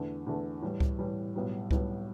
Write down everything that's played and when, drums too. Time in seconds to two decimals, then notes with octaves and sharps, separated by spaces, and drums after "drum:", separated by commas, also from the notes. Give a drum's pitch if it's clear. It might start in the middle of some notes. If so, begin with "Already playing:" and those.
Already playing: E2 D3 A3
0.27 E2 D3 A3
0.62 A2 E3 G3
0.80 drum: kick C#2
0.99 A2 E3 G3
1.35 B1 A2 G3 B3
1.71 B1 A2 G3 B3, drum: kick C#2